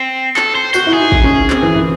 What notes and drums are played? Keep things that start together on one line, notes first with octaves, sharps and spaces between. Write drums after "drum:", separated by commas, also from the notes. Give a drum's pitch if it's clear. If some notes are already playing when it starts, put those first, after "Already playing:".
Already playing: C4
A4, drum: clap
C5
F#4 C5, drum: tambourine
E4
G#4
D#4
drum: kick
C#4
C4, drum: clap
E3
E3